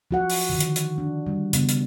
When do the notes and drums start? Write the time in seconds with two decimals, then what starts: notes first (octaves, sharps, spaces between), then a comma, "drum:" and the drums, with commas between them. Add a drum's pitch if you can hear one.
0.11 F3 F#4 F#5
0.30 drum: open hi-hat
0.49 D3 D#3
0.60 drum: hi-hat
0.76 drum: hi-hat
0.98 D4
1.27 G3
1.53 C#3 B3, drum: hi-hat
1.69 drum: hi-hat